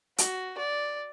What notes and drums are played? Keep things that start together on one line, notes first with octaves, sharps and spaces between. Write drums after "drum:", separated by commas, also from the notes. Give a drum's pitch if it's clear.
F#4, drum: hi-hat
D5